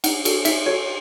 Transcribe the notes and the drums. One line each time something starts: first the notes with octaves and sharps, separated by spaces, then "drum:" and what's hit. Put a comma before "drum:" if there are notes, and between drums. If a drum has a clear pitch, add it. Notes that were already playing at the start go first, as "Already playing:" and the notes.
D#4 F#5, drum: cymbal
F#4 A4, drum: cymbal
D#4 E5, drum: cymbal
F#4 A4 C#5